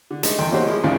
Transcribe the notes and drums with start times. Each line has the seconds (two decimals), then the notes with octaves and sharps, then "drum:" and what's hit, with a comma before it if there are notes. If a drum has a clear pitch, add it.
0.11 D3
0.23 G#3 A3 D#4, drum: hi-hat
0.39 E2 A4 G5 C6
0.51 A#3 C#4 D#4 F#4 G4 C5
0.66 F3 G#3 E4
0.83 A1 D#2 A2 C#3 D5 F5